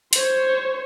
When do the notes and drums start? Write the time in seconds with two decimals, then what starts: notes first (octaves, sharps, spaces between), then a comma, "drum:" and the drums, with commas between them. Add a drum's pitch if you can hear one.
0.13 C5 C#5, drum: hi-hat